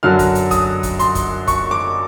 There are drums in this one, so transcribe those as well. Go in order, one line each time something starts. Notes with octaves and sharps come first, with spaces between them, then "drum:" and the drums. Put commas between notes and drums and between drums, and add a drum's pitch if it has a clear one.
F#2 D3 F#3 F6
drum: kick, hi-hat
drum: hi-hat
D#6, drum: kick, hi-hat
drum: kick, hi-hat
C6, drum: hi-hat
drum: kick, hi-hat
C#6, drum: kick, hi-hat
D6